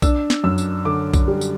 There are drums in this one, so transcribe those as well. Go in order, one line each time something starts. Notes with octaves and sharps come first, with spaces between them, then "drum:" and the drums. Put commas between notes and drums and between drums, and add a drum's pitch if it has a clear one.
D4 E6, drum: kick B1, tambourine
drum: snare
F#2 E6
drum: tambourine
D3 D6
drum: kick B1, tambourine
G3
drum: tambourine